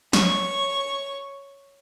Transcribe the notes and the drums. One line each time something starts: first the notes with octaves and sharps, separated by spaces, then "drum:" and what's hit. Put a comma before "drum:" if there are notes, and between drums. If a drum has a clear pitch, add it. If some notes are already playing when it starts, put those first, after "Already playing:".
C#5 C#6, drum: snare